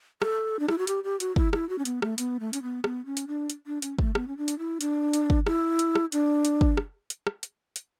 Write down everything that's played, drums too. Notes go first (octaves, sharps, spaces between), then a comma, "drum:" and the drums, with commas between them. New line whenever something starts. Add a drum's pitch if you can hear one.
A4, drum: rim click
D4
E4, drum: rim click
F#4
G4, drum: hi-hat
G4
F#4, drum: hi-hat
E4, drum: kick
E4, drum: rim click
F#4
C#4
B3, drum: hi-hat
A3, drum: rim click
B3, drum: hi-hat
A3
C#4, drum: hi-hat
B3
B3, drum: rim click
C#4
drum: hi-hat
D4
drum: hi-hat
D4
C#4, drum: hi-hat
A3, drum: kick
B3, drum: rim click
C#4
D4
drum: hi-hat
E4
D4, drum: hi-hat
drum: hi-hat
drum: kick
E4, drum: rim click
drum: hi-hat
drum: rim click
D4, drum: hi-hat
drum: hi-hat
drum: kick
drum: rim click
drum: hi-hat
drum: rim click
drum: hi-hat
drum: hi-hat